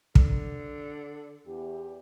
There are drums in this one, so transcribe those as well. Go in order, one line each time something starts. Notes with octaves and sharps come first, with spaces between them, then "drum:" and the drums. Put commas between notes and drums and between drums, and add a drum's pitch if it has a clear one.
D3, drum: kick
E2 G4